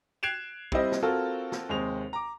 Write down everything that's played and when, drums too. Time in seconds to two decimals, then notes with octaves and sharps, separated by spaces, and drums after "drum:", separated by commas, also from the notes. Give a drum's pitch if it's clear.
0.23 F#6 G#6 C7 D7 E7 F7
0.72 G3 C4 E4 C5 D#5, drum: kick
0.92 drum: snare
1.02 C4 F4 F#4 A4 A#4
1.52 drum: snare
1.69 D#2 C3 G#3 C5 F7
2.13 A#5 D6